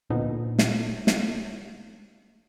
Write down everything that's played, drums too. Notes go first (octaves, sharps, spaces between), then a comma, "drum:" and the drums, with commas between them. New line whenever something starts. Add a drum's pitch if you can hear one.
D2 A#2 D3 F3 B3 D#4
drum: snare
drum: snare